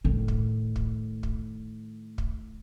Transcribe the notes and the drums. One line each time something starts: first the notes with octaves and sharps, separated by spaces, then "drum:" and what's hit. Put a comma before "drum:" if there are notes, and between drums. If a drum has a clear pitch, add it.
A2 D#3
drum: kick
drum: kick
drum: kick
drum: kick